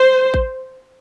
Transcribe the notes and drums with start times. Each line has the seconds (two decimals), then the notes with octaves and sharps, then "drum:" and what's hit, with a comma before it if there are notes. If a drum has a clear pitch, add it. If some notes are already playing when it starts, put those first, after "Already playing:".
Already playing: C5
0.34 drum: kick A1